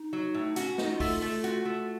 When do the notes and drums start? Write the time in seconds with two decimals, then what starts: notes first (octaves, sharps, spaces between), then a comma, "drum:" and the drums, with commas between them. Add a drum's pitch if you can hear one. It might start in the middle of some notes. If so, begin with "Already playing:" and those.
Already playing: D#4
0.13 F#3
0.34 A2
0.56 C#4 F#4, drum: hi-hat
0.78 D#4, drum: snare
0.89 F4
1.00 A3, drum: kick, open hi-hat
1.22 A3
1.44 F#4, drum: hi-hat
1.65 A3